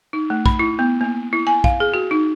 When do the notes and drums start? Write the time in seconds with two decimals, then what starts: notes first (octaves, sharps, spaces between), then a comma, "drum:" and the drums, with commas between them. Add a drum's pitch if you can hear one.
0.13 D#4
0.30 A3
0.46 B5, drum: kick
0.59 E4
0.79 B3
1.01 A#3
1.33 E4
1.47 G#5
1.64 F5, drum: kick
1.80 G#4
1.94 F#4
2.11 D#4